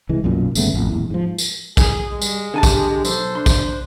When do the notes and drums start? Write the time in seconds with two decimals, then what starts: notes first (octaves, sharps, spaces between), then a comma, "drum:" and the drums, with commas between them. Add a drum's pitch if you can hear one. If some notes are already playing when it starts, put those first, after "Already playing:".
0.09 C2 E3 G#3
0.24 B1 F#2 A#2
0.55 G1 C#3 A3 B3, drum: tambourine
0.74 A1 F2
0.89 D#1 E2 A2
1.10 G#2 F3
1.38 drum: tambourine
1.77 G#4, drum: kick, tambourine
2.11 G3 G#3
2.22 drum: tambourine
2.54 D3 G4 G#5 A5
2.63 drum: kick, tambourine
3.05 B1 F2 A4 C5, drum: tambourine
3.35 D4 C6
3.46 drum: kick, tambourine